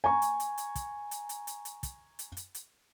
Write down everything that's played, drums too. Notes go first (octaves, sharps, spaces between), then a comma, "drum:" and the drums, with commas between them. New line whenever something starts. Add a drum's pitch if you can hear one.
G#5 A#5 C#6
drum: hi-hat
drum: hi-hat
drum: hi-hat
drum: kick, hi-hat
drum: hi-hat
drum: hi-hat
drum: hi-hat
drum: hi-hat
drum: kick, hi-hat
drum: hi-hat
drum: hi-hat
drum: hi-hat